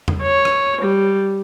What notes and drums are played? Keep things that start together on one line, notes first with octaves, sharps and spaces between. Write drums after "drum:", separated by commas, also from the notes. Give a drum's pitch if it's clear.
drum: tom E2
C#5
drum: rim click
G3